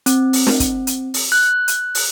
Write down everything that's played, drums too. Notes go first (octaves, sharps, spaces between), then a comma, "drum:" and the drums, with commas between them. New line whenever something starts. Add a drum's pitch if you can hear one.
C4, drum: hi-hat
drum: open hi-hat
drum: snare
drum: kick, hi-hat
drum: hi-hat
drum: open hi-hat
F#6
drum: hi-hat
drum: open hi-hat